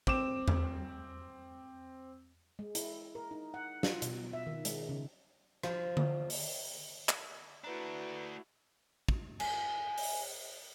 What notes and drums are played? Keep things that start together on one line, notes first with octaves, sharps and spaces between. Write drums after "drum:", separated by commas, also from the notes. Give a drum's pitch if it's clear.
C4 D6 E7, drum: kick
drum: tom E2
G#3
E4, drum: hi-hat
A#4
D#4
F#5
F4, drum: snare
B2, drum: hi-hat
E5
D#3
G#3, drum: hi-hat
C#3
F3, drum: rim click
drum: tom D3
drum: open hi-hat
drum: clap
A3 D4 E4 F#4 B4 A#5
drum: kick
G#5, drum: cymbal
drum: open hi-hat